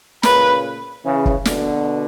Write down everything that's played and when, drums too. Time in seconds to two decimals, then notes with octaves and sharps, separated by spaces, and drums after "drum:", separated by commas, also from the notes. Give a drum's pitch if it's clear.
0.23 A#2 C#3 B4, drum: snare
1.05 C#3 E3
1.26 drum: kick
1.45 B2 D3, drum: snare